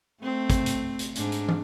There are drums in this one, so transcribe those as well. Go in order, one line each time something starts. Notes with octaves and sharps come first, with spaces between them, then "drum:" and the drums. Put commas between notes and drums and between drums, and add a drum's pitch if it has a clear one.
A3 C4
drum: kick, hi-hat
drum: hi-hat
drum: hi-hat
G#2 D4, drum: hi-hat
drum: hi-hat
drum: tom